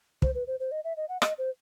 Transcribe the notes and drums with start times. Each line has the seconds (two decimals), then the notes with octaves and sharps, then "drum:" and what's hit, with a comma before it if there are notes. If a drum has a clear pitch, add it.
0.22 C5, drum: kick
0.35 B4
0.47 C5
0.60 C5
0.72 D#5
0.84 E5
0.97 D#5
1.09 F#5
1.22 D#5, drum: rim click
1.38 C5